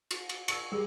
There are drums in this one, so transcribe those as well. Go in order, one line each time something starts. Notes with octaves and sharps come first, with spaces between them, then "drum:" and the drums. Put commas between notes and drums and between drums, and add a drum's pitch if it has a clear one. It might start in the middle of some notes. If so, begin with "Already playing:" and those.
F#4, drum: cymbal
drum: cymbal
A#4 D5 A#5 C#6, drum: cymbal
G3 G#4 A#4